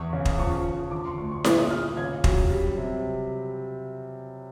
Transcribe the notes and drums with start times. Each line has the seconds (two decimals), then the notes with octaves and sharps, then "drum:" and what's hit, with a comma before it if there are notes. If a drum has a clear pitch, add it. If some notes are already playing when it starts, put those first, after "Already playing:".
Already playing: E2 C#6
0.13 C#3
0.25 drum: kick
0.38 F3 C#6
0.65 F3
0.91 D3 D6
1.05 C6
1.18 D2 C#6
1.32 C#6
1.44 A#2 D6, drum: snare E4
1.58 D#6
1.71 A#2 F6
1.97 C#3 G#6
2.24 F#3, drum: kick
2.50 G3
2.77 C3